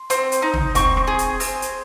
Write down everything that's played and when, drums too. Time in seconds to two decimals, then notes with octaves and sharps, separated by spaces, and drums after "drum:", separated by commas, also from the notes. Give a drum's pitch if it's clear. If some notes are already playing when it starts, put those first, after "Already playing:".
Already playing: C6
0.10 C4, drum: hi-hat
0.32 drum: hi-hat
0.42 D#4
0.53 drum: tom
0.75 C4 C#6, drum: kick, hi-hat
0.97 drum: rim click
1.07 G#4
1.19 drum: hi-hat
1.40 C4, drum: open hi-hat
1.62 drum: hi-hat